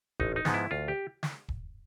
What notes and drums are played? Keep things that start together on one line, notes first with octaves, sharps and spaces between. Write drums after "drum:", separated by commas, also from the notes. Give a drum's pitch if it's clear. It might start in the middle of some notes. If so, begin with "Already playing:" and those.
A1 D#4, drum: kick
D#4
G#2 F3 G#3 B3, drum: snare
E4
D2 F4
G4
drum: snare
drum: kick